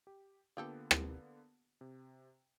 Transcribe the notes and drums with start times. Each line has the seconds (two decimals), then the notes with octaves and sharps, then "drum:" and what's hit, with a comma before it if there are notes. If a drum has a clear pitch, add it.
0.07 G4
0.57 D3 A#3 B3 F4 G4 A4
0.91 drum: rim click
1.81 C3